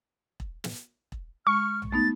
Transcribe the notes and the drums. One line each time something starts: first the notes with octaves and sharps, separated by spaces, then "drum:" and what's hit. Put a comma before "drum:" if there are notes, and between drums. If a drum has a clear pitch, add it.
drum: kick E1
drum: snare
drum: kick E1
G#3 C#6 F6
drum: tom A#1
A3 B3 D#4 A6